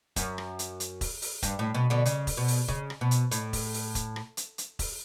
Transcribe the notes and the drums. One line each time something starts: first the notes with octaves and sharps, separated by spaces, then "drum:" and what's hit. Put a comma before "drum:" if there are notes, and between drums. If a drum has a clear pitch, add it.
F#2, drum: kick E1, hi-hat
drum: rim click
drum: hi-hat
drum: hi-hat
drum: kick E1, open hi-hat
drum: open hi-hat
G2, drum: kick E1, hi-hat
A2
B2
B2 D3
C#3, drum: hi-hat
drum: kick E1, open hi-hat
B2
drum: open hi-hat
C#3, drum: kick E1
drum: rim click
B2
drum: hi-hat
A2, drum: hi-hat
drum: kick E1, open hi-hat
drum: open hi-hat
drum: kick E1, hi-hat
drum: rim click
drum: hi-hat
drum: hi-hat
drum: kick E1, open hi-hat